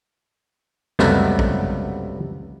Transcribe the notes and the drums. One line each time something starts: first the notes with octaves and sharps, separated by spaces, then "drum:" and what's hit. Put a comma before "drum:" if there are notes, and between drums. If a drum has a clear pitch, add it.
C#2 F#2 C3 G3 A3 B3, drum: snare
drum: kick